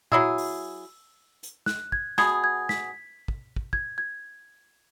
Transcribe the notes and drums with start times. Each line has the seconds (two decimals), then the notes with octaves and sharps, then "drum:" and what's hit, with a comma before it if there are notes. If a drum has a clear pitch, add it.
0.12 F#3 E4 G#4 E6, drum: tom A#2
0.38 drum: open hi-hat
1.43 drum: hi-hat
1.66 F#6, drum: snare
1.92 G#6, drum: kick
2.18 B2 B3 G#4 G#6, drum: snare
2.44 G#6
2.69 B6, drum: snare
3.28 drum: kick
3.56 drum: kick
3.73 G#6, drum: kick
3.98 G#6